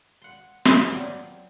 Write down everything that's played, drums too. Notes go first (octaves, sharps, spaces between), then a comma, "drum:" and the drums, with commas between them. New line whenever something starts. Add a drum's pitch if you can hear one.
F#5 C6
F#4 B4 C5, drum: snare
F#3 F4 D5 G5 G#5